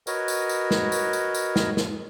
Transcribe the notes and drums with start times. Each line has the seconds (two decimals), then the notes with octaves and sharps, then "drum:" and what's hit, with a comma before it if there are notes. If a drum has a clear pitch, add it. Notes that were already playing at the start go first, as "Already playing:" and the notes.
0.07 F#4 A#4 B4 C#5 D#5, drum: tambourine
0.28 drum: tambourine
0.49 drum: tambourine
0.71 drum: snare
0.92 drum: tambourine
1.13 drum: tambourine
1.34 drum: tambourine
1.56 drum: snare
1.77 drum: snare